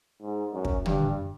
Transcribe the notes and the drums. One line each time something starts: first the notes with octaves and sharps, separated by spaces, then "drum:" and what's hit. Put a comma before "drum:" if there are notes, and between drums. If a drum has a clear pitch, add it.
G#2
F#2
drum: kick
G2, drum: tom